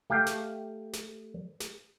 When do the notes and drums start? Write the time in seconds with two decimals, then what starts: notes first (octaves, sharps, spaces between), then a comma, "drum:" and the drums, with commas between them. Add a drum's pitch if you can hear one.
0.10 A3 G4 F5 G5
0.26 drum: snare
0.93 drum: snare
1.60 drum: snare